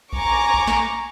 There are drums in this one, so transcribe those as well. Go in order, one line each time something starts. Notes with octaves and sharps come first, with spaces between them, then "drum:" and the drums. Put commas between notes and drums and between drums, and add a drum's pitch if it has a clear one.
G#5 A#5 C#6 D6, drum: kick A#1
drum: kick A#1
drum: snare